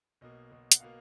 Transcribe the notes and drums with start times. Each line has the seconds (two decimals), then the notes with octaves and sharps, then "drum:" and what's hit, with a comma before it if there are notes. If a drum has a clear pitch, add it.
0.21 B1 B2 A#3 D#5
0.51 B1 B2 A#3
0.72 F#5, drum: hi-hat
0.80 B2 A#3 F5